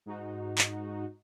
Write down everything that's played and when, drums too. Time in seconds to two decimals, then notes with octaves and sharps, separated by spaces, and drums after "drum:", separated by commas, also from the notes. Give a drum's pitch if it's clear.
0.06 G#2 D#4 F#4
0.58 drum: clap